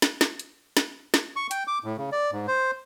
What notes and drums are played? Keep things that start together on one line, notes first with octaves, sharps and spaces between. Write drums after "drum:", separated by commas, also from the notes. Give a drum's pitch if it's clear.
drum: snare
drum: snare
drum: hi-hat
drum: snare
drum: snare
C#6
G5, drum: hi-hat
D6
A2
C#3
D5
G#2
C5